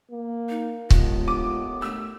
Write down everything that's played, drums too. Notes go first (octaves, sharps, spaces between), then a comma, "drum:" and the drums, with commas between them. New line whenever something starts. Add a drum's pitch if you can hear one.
A#3
D#4
D#2 A2 G#3 B3 F4, drum: kick C#1
D6
A3 E6